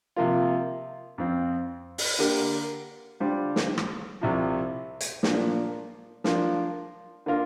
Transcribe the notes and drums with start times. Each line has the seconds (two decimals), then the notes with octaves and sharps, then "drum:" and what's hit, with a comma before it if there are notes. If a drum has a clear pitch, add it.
0.17 C3 F3 A#3 F4
1.18 F2 F3 C4 F4
1.98 drum: open hi-hat
2.19 D3 A#3 G4 A#4
3.20 D3 G3 D4 F4 C5
3.56 drum: snare
3.78 drum: rim click
4.21 C2 C3 F3
5.01 drum: hi-hat
5.23 A#2 F3 A#3 D4, drum: snare
6.24 F3 D4 F4 A#4, drum: snare
7.26 D3 A#3 F4 A#4